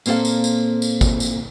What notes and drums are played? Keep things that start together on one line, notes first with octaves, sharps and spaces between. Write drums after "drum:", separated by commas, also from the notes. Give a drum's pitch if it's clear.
A#2 A#3 C4 F4 A4 F5, drum: tambourine
drum: tambourine
drum: tambourine
drum: tambourine
drum: kick G#1, tambourine
drum: tambourine